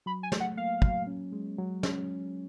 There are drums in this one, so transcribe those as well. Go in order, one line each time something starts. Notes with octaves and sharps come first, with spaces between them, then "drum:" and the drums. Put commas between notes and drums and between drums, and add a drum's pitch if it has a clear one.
F#3 B5
G#5
A3, drum: snare
F#5
A#3 F5
F#3, drum: kick
C#4
G#3
F#3
C#4, drum: snare